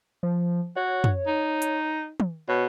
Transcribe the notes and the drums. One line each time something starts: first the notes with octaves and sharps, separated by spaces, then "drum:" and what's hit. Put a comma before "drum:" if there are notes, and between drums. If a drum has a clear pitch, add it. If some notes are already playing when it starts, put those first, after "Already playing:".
F3
F#4 C#5
drum: tom
D#4
drum: hi-hat
drum: tom
B2 C#5